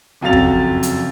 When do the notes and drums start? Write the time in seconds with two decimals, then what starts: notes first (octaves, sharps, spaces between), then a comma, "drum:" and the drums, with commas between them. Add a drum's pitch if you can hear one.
0.21 F#1 F2 F#3 F5 A6 F7
0.33 drum: kick
0.83 drum: hi-hat